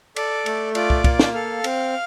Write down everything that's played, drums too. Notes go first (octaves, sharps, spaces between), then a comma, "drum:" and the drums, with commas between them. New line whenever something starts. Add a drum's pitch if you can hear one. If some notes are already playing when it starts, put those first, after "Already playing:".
A4 D5 D6, drum: cymbal
A3, drum: cymbal
F4 D5 D6, drum: cymbal
drum: kick
A#3, drum: kick, cymbal
drum: snare
A4 F5 F6
C4, drum: cymbal